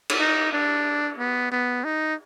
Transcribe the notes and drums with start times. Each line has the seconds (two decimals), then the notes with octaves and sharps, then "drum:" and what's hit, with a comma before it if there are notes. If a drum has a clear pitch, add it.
0.09 drum: cymbal
0.20 D#4
0.53 D4
1.18 B3
1.52 B3
1.84 D#4